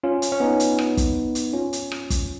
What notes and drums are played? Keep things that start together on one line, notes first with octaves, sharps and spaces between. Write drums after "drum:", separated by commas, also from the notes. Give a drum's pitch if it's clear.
C#4 F4
drum: hi-hat
C#4
B3 D#4
drum: hi-hat
drum: rim click
drum: kick, hi-hat
drum: hi-hat
C#4 F4
drum: hi-hat
drum: rim click
drum: kick, hi-hat